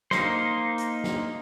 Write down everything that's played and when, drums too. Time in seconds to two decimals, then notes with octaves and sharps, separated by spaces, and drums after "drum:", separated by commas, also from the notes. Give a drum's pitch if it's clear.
0.11 A#3 D#4 C5, drum: snare
0.78 drum: hi-hat
1.04 drum: snare